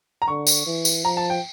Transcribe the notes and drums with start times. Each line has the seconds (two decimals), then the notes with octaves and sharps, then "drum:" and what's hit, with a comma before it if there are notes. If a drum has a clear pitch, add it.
0.22 A#5
0.27 D3 C#6
0.47 drum: tambourine
0.66 E3
0.85 drum: tambourine
1.04 F3 A#5
1.17 A5
1.30 G5